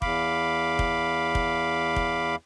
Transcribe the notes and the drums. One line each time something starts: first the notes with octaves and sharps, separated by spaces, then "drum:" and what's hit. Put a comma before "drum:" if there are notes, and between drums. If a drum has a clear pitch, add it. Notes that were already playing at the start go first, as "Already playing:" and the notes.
E2 F5 B5 D6, drum: kick
drum: kick
drum: kick
drum: kick